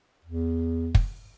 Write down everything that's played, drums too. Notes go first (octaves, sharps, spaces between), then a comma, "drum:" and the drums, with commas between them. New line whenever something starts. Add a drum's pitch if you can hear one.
E2
drum: kick